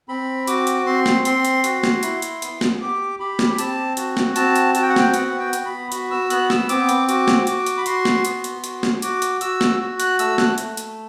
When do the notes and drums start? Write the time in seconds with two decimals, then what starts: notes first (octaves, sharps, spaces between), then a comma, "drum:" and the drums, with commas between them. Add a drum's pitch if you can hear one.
0.08 C4 B5
0.47 F#4 D6, drum: hi-hat
0.67 drum: hi-hat
0.86 C4 C6
1.06 drum: snare
1.25 C4 C6, drum: hi-hat
1.45 drum: hi-hat
1.64 F#4, drum: hi-hat
1.83 drum: snare
2.03 E4, drum: hi-hat
2.22 drum: hi-hat
2.42 B3, drum: hi-hat
2.61 drum: snare
2.81 G4 D6
3.19 G4 B5
3.39 drum: snare
3.51 B5
3.58 C4 A5, drum: hi-hat
3.97 F#4, drum: hi-hat
4.17 drum: snare
4.36 C4 A5, drum: hi-hat
4.56 drum: hi-hat
4.75 F#4 A5, drum: hi-hat
4.82 G5
4.89 F#5
4.96 G5, drum: snare
5.14 B3 F#5, drum: hi-hat
5.40 G5
5.53 B3, drum: hi-hat
5.65 B5
5.92 F#4 B5, drum: hi-hat
6.11 E6
6.30 B3 F#6, drum: hi-hat
6.50 E6, drum: snare
6.69 C4 D6, drum: hi-hat
6.89 drum: hi-hat
7.09 F#4 D6, drum: hi-hat
7.28 drum: snare
7.47 F#4 D6, drum: hi-hat
7.66 drum: hi-hat
7.78 B5
7.86 F#4 C6, drum: hi-hat
8.05 drum: snare
8.25 B3, drum: hi-hat
8.44 drum: hi-hat
8.64 F#4, drum: hi-hat
8.83 drum: snare
9.02 F#4 D6, drum: hi-hat
9.22 drum: hi-hat
9.41 F#4 E6, drum: hi-hat
9.61 drum: snare
9.80 F#4
10.00 F#6, drum: hi-hat
10.19 A3 E6, drum: hi-hat
10.38 F#6, drum: snare
10.58 A3, drum: hi-hat
10.77 drum: hi-hat